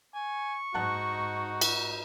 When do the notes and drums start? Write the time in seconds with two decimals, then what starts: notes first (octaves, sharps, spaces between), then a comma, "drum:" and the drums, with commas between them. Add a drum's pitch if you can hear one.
0.15 G#5 C#6
0.74 G#2 D#4 F#4 F#5 A5 F#6
1.61 drum: cymbal